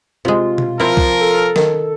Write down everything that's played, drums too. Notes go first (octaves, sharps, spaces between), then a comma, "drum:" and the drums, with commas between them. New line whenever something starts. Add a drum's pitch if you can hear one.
C3 G#3 F4
drum: tom B2
F3 C4 E4 A#4
drum: kick
A4
D#3, drum: snare